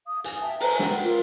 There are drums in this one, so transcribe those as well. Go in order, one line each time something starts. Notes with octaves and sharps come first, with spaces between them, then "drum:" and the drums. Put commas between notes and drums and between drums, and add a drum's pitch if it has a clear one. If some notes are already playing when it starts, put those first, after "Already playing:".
F5 D#6
F5 G#5, drum: hi-hat
E5 F5 G5 A5
B4 C5 G#5 A#5, drum: open hi-hat
F#5 G5, drum: snare
F4 A#4